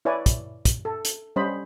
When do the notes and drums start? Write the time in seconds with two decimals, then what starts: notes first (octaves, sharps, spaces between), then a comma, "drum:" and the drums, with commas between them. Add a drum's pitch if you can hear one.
0.05 E4 B4 C#5 D5 G#5
0.26 drum: kick, hi-hat
0.65 drum: kick, hi-hat
0.85 A4
1.05 drum: hi-hat
1.36 G3 C#4 C5 D#5 B5